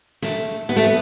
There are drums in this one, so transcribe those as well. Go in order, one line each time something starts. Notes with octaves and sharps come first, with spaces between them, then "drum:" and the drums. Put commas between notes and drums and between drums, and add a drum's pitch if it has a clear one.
A3, drum: snare
B3, drum: hi-hat
A3
B3